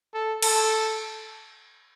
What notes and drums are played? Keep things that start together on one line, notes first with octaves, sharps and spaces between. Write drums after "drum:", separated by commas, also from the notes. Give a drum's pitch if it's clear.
A4
A4, drum: cymbal